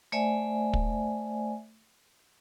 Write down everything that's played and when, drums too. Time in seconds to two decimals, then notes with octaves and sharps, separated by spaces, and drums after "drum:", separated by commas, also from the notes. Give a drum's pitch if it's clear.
0.12 A3 C5 D5 E5 G#5
0.73 drum: kick